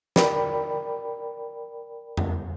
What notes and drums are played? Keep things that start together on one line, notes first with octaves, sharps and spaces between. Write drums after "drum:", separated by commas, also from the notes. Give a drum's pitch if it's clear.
A#4 D5 G5 B5, drum: snare
drum: tom F2